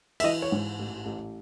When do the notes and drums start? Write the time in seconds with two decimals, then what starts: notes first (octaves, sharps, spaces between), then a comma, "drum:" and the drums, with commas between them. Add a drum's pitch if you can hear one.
0.20 E5, drum: cymbal
0.24 E3 D#5
0.42 C#5
0.52 G#2
0.79 A1
1.06 A1